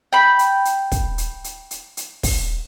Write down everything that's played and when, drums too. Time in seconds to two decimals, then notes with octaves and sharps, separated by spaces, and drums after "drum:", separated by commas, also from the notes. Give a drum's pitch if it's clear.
0.13 G5 B5
0.39 drum: hi-hat
0.65 drum: hi-hat
0.92 drum: kick, hi-hat
1.18 drum: hi-hat
1.44 drum: hi-hat
1.71 drum: hi-hat
1.97 drum: hi-hat
2.23 drum: kick, open hi-hat